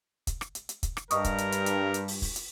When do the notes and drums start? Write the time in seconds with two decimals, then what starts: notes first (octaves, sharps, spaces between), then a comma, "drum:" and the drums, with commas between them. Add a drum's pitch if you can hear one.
0.27 drum: kick, hi-hat
0.41 drum: rim click
0.55 drum: hi-hat
0.69 drum: hi-hat
0.83 drum: kick, hi-hat
0.97 drum: rim click
1.11 G2 A#4 D#5 C#6 D#6, drum: hi-hat
1.24 drum: kick, hi-hat
1.38 drum: hi-hat
1.52 drum: hi-hat
1.66 drum: hi-hat
1.94 drum: hi-hat
2.08 drum: open hi-hat
2.22 drum: kick, open hi-hat
2.36 drum: hi-hat